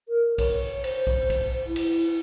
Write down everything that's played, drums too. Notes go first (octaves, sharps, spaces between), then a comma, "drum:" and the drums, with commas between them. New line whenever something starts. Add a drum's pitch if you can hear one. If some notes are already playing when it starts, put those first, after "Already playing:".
A#4
C#5, drum: kick B1, cymbal
C5, drum: cymbal
drum: kick B1
drum: kick B1, cymbal
E4
drum: cymbal